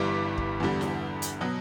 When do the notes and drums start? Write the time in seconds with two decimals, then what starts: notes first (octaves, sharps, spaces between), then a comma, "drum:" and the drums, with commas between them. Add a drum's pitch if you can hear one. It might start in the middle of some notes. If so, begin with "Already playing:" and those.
Already playing: G1 G2 E3 G3 D6
0.38 drum: kick
0.60 E2 D3 G3
0.81 drum: snare E4
1.22 drum: hi-hat
1.41 B2 F#3